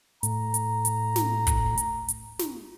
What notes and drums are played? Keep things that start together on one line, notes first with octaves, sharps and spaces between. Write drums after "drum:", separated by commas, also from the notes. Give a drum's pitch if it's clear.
A2 A#5, drum: hi-hat
drum: hi-hat
drum: hi-hat
drum: snare
drum: kick, hi-hat
drum: hi-hat
drum: hi-hat
drum: snare